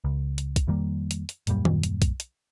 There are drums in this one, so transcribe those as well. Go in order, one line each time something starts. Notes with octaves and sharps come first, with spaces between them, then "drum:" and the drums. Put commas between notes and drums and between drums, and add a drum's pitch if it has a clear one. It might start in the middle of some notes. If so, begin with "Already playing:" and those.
C#2
drum: hi-hat
drum: kick B1, hi-hat
F2 D#3 G3 A#3
drum: hi-hat
drum: hi-hat
D#1 F#2 A#2 G3, drum: hi-hat
drum: tom D#3
drum: hi-hat
drum: kick B1, hi-hat
drum: hi-hat